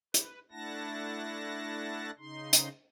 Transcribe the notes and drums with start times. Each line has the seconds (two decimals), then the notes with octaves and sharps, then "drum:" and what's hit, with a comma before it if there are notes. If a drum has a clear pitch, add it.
0.14 B4, drum: hi-hat
0.52 A3 D4 E4 F#5 A5 A#6
2.19 C#3 D#4 C6
2.53 drum: hi-hat